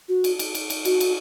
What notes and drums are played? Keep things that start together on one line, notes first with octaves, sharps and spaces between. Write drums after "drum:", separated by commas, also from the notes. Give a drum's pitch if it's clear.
F#4
drum: cymbal
drum: cymbal
drum: cymbal
drum: cymbal
F#4, drum: cymbal
drum: cymbal